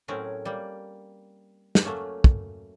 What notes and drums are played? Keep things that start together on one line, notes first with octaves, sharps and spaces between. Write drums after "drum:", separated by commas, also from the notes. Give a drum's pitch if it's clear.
A2 F#3 C4 C#4 G#4 A#4
G3 A#3
drum: snare
F#3 A3 A#3 C#4
drum: kick